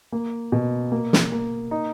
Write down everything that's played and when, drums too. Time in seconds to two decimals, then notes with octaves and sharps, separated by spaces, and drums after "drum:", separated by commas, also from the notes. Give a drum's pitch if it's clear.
0.12 A#3
0.52 B2
0.92 A#3
1.13 drum: snare
1.32 A#3
1.71 D#4